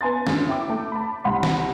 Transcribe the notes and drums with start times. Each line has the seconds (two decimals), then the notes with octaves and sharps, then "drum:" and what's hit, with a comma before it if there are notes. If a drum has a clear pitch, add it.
0.01 B3 G#5 C6 A6
0.27 F#2 D3, drum: snare
0.47 E4 G5 D6
0.70 A3
0.92 A5 B5
1.24 C2 F#5 B5 C6
1.43 drum: snare